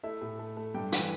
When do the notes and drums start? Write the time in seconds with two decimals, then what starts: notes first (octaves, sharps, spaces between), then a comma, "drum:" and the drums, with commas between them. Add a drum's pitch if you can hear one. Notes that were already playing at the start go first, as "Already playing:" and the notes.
0.03 A3 E4 E5
0.22 A2
0.39 A3
0.57 A3
0.74 G2 G4 G5
0.92 E3, drum: hi-hat